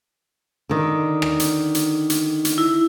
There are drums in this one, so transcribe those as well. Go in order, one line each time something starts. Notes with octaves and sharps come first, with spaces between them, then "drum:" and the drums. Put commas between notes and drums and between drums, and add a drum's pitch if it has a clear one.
D3 D#3
drum: rim click
drum: hi-hat
drum: hi-hat
drum: hi-hat
drum: hi-hat
E4